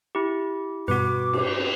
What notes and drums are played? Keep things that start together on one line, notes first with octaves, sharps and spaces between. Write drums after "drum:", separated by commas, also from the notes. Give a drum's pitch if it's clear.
E4 G4
G2 B2 F#4 B4 D6
drum: cymbal